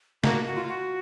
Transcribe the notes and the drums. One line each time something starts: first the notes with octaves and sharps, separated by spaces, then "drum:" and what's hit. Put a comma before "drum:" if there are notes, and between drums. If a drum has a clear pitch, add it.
A#3 F#4, drum: snare
F#4
F4
F#4